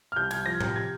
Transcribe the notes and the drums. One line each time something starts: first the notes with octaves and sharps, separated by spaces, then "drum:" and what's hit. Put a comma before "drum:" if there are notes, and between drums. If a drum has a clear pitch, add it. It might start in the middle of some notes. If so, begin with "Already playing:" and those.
F6
C2 G6
C2 G#6, drum: cymbal
F3 A#6
C3, drum: tom A2
G#6